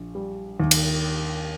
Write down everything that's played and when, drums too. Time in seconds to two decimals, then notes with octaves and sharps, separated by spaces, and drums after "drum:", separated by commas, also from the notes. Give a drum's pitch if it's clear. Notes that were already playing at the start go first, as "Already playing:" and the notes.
Already playing: A#1
0.15 G3
0.60 D#2
0.71 drum: cymbal